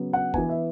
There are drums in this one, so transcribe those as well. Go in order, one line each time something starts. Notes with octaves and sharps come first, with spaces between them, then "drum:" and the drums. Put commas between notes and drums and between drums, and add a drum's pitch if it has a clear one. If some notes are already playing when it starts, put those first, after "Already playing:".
Already playing: C#3 F#3 B3
F#5
E3 B3 G#5, drum: kick
E5